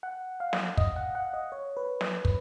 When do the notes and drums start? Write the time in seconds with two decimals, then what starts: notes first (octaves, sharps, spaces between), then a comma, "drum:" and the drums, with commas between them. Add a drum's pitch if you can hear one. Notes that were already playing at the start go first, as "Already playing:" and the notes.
0.03 F#5
0.40 F5
0.53 drum: snare
0.77 D#5, drum: kick
0.96 F#5
1.15 F#5
1.33 D#5
1.52 C#5
1.77 B4
2.01 drum: snare
2.25 B4, drum: kick